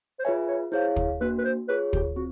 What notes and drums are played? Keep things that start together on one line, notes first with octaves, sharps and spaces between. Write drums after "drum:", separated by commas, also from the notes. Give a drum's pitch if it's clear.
C5
F4 G#4 B4 C#5 E5 G#5
C#5
E4 G#4 C5 C#5 F5
drum: kick
A#3 D4 F#4 B4
B4
C5
F4 G#4 B4 C#5
G4, drum: kick
C4 F4 F#4